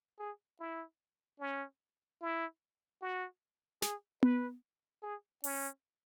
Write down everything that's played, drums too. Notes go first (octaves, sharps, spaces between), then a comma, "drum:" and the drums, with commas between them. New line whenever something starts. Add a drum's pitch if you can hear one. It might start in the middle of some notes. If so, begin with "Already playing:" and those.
G#4
E4
C#4
E4
F#4
G#4, drum: snare
B4, drum: tom B3
G#4
C#4, drum: open hi-hat